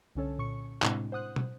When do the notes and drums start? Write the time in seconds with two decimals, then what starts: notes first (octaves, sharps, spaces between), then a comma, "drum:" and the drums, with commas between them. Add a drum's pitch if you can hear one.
0.15 C2 D3 C#4 A4 C#5
0.39 A#2 C#6 C#7
0.82 A2 C3 G#3 C4 D4 E4, drum: clap
1.12 C5 F#5 D#6 F#6
1.36 drum: tom